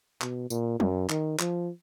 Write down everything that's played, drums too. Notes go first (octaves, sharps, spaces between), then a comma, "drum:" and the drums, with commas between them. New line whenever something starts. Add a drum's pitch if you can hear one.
B2, drum: clap
A#2, drum: tambourine
F#2, drum: tom F#3
D#3, drum: clap
F3, drum: clap